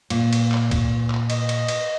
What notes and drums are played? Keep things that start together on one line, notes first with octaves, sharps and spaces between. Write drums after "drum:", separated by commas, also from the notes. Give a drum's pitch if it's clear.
A#2, drum: cymbal
drum: cymbal
drum: clap
drum: kick, cymbal
drum: clap
D#5, drum: cymbal
drum: cymbal
drum: cymbal